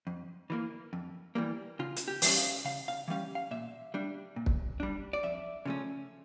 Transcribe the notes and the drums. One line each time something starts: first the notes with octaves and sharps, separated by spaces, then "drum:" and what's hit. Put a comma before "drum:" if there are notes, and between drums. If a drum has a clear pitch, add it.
F2
E3 G3 A#3
F2
E3 G3 A#3
C#3 F4
drum: hi-hat
G4
E3 G3 C#4 E5, drum: open hi-hat
F5
C#3 F5
F5
E3 G3 C#4 F5
F5
A#2 E5
G3 D4
A#2
drum: kick
G3 D4
D5
F2 E5
C#3 F3 A3 C#4